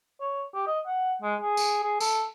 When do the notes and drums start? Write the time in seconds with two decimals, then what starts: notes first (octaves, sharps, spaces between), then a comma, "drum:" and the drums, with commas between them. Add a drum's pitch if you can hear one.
0.21 C#5
0.55 G4
0.67 D#5
0.87 F#5
1.22 G#3
1.41 G#4
1.57 drum: tambourine
1.83 G#4
2.00 A4, drum: tambourine